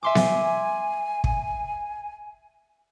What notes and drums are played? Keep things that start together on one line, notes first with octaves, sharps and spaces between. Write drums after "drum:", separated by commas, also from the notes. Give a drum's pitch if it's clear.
E5 G#5 C6 D6
drum: snare B3
drum: kick